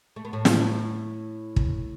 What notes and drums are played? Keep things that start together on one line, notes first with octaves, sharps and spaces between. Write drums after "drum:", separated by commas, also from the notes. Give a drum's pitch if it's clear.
A3
B3
A2 A3
drum: snare
drum: kick